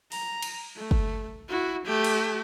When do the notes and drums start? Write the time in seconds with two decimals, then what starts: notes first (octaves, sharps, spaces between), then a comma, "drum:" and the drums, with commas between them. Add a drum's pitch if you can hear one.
0.12 A#5, drum: open hi-hat
0.42 drum: cymbal
0.76 A3
0.91 drum: kick
1.49 E4 F#4
1.86 A3 G4
2.04 drum: cymbal